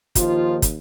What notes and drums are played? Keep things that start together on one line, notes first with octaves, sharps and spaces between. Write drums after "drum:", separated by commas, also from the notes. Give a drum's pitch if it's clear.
D#2 D#3 F3 F4, drum: kick, hi-hat
drum: kick, hi-hat